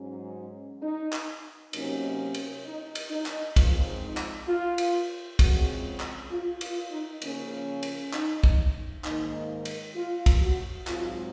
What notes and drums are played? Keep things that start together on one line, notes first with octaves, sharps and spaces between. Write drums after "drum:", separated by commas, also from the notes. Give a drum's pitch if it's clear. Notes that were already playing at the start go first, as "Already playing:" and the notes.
Already playing: G#2 F#3 C#4
D#4
drum: clap
C3 F#3 A#3 C#4 D#4, drum: cymbal
drum: cymbal
D#4
drum: cymbal
D#4
drum: clap
G#2 F3 C4 F4, drum: kick, cymbal
D#4
drum: clap
F4
drum: cymbal
C#3 F3 G#3 C4 F#4, drum: kick, cymbal
drum: clap
F4
F4, drum: cymbal
D#4
C#3 F3 A#3 C#4, drum: cymbal
drum: cymbal
D#4, drum: clap
drum: kick
G#2 D#3 A#3 D#4, drum: clap
drum: cymbal
F4
drum: kick, cymbal
F#4
G#2 F#3 C4 F4, drum: clap